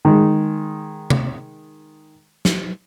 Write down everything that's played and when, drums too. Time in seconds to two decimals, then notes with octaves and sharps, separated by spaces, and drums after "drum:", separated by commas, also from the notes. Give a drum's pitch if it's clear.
0.05 D#3 G#3
1.10 drum: tom C3
2.45 drum: snare